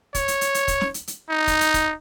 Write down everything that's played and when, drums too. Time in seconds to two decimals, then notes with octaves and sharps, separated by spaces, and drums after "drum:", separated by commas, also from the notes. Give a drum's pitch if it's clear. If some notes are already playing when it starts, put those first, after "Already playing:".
0.15 C#5, drum: kick, hi-hat
0.28 drum: hi-hat
0.41 drum: hi-hat
0.54 drum: hi-hat
0.68 drum: kick, hi-hat
0.81 drum: snare
0.94 drum: hi-hat
1.08 drum: hi-hat
1.30 D#4
1.47 drum: kick, hi-hat
1.61 drum: hi-hat
1.74 drum: kick, hi-hat